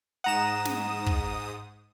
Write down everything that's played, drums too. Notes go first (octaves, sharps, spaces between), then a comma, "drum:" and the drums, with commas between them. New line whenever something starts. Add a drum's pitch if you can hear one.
G#2 F#5 A#5 D#6 E7
drum: snare
drum: kick